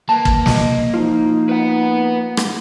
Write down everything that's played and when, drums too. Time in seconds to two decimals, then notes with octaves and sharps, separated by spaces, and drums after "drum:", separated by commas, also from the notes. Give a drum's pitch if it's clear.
0.09 A#3 B4 A5
0.25 drum: kick
0.46 D#5, drum: snare
0.94 F3 D#4 F4
1.49 B4 F#5
2.37 drum: rim click